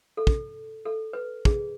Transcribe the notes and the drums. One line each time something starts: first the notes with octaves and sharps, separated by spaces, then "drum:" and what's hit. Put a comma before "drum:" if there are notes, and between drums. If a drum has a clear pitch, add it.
A4
drum: kick
A4
B4
G#4, drum: kick